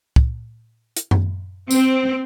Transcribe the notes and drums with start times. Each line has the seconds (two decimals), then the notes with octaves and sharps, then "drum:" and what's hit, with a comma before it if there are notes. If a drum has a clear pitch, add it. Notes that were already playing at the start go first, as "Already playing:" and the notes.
0.16 drum: kick
0.97 drum: hi-hat
1.11 drum: tom F#2
1.71 C4, drum: tambourine